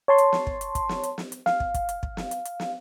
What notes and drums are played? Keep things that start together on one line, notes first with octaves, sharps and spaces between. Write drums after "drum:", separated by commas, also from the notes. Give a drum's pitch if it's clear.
C#5 A5 C6
drum: hi-hat
drum: snare
drum: kick
drum: hi-hat
drum: kick, hi-hat
drum: snare
drum: hi-hat
drum: snare
drum: hi-hat
F5, drum: snare
drum: kick
drum: kick, hi-hat
drum: hi-hat
drum: kick
drum: snare
drum: hi-hat
drum: hi-hat
drum: snare